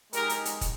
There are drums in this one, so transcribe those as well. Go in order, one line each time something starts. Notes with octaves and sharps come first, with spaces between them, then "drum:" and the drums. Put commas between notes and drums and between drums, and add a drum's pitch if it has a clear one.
G#3 D#4 G4 A#4, drum: hi-hat
drum: hi-hat
drum: hi-hat
drum: kick, hi-hat